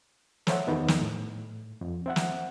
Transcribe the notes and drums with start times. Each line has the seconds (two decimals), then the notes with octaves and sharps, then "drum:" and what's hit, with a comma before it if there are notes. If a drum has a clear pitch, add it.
0.47 A4 C5 C#5 E5 F#5, drum: snare
0.67 E2 D#3 B3 D#4
0.88 drum: snare
1.01 A2
1.81 F2
2.06 C4 E5 F#5
2.16 drum: snare